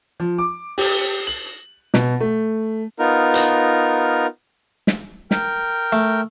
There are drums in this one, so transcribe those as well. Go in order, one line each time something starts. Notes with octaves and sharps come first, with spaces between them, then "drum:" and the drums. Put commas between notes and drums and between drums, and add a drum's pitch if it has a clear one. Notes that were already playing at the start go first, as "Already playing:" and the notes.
F3
D6
G4, drum: open hi-hat
F#7
B2, drum: snare
A3
B3 D#4 F4 A#4
drum: hi-hat
drum: snare
A#4 G5, drum: snare
A3